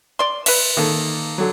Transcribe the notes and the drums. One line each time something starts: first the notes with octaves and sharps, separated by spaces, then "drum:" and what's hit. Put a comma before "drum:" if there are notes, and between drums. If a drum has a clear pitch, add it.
D5 C6
B4 E5, drum: cymbal
D#3 A#3 A4
D3 F#3